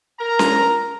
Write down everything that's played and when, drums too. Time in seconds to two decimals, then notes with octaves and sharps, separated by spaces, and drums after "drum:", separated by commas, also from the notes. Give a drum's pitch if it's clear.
0.19 A#4 A#5
0.39 drum: snare C#4